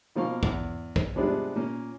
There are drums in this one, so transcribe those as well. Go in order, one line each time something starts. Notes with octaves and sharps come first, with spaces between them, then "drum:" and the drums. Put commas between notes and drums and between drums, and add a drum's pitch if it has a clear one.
B2 F3 A#3 F5 C#6
E2, drum: kick
drum: kick
C3 F3 G3 G#3 B3 D4
A#2 A#3 C#4